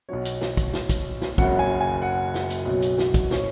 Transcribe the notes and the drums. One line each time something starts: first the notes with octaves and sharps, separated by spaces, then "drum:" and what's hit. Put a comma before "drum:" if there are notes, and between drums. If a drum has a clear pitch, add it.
B1 B2 F#3 C#5
drum: hi-hat
drum: snare
drum: kick, hi-hat
drum: snare
drum: kick, hi-hat
drum: snare
F#1 F#2 C#3 F#3 F#5, drum: kick
G#5
G#5
F#5
drum: snare
drum: hi-hat
B1 B2 F#3
drum: hi-hat
drum: snare
drum: kick, hi-hat
C#5, drum: snare